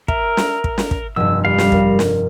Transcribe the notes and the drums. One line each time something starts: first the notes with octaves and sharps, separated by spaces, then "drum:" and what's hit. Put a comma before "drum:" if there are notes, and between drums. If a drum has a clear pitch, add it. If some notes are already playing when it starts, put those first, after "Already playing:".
A#4 E5, drum: kick
drum: snare
drum: kick
drum: snare
drum: kick
F1 G2 E6
G3 F5
drum: snare
A#4, drum: kick
drum: snare